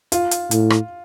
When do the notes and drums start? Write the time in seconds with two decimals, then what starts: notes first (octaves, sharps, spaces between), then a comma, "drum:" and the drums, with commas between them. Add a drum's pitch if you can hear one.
0.12 F4, drum: hi-hat
0.31 drum: hi-hat
0.51 A2, drum: hi-hat
0.70 drum: rim click